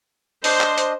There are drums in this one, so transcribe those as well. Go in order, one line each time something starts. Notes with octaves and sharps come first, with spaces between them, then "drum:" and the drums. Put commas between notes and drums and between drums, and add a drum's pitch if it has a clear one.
D4 C5 D#5, drum: open hi-hat
drum: clap
drum: hi-hat